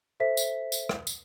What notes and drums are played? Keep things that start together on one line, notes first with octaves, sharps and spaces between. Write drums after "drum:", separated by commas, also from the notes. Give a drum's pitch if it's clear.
A4 C5 E5 B6
drum: tambourine
drum: tambourine
drum: rim click
drum: tambourine